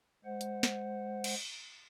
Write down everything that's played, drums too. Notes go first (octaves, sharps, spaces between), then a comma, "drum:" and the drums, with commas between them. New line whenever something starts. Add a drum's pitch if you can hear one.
G#3 C5 F#5
drum: hi-hat
drum: snare
drum: cymbal